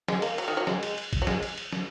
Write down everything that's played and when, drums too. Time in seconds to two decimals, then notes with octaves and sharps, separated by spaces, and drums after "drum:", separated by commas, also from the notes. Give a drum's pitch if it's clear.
0.08 G#3, drum: snare
0.22 A#3, drum: cymbal
0.38 F#3, drum: cymbal
0.48 D#3
0.57 F#3
0.67 G#3, drum: snare
0.83 drum: cymbal
0.98 drum: cymbal
1.13 drum: kick, cymbal
1.22 F#3
1.27 G#3, drum: snare
1.43 drum: cymbal
1.58 drum: cymbal
1.73 drum: snare